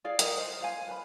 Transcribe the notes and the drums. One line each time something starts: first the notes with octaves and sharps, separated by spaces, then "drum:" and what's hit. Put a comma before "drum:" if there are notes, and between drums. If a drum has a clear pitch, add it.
G#4 D5 F5
A#4 D#5, drum: hi-hat
C5
C5 F5 G#5
B4 B5